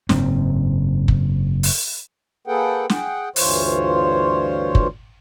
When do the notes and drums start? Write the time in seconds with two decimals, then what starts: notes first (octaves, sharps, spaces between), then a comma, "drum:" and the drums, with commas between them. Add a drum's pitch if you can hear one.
0.09 F#1 G#2 C4, drum: snare
1.08 drum: kick
1.63 drum: open hi-hat
2.47 A#3 G#4 A4 B4 F#5 G5
2.89 G#4 F#5 G5, drum: snare
3.36 D2 G2 E3 F4 C5 C#5, drum: open hi-hat
4.75 drum: kick